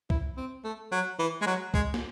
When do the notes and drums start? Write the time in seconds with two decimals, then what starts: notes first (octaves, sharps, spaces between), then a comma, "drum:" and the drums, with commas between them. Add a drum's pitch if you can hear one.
0.10 E4, drum: kick C2
0.37 C4
0.64 A3
0.92 F#3
1.19 E3
1.42 G#3
1.46 F#3
1.74 G#3, drum: kick C2
1.94 drum: snare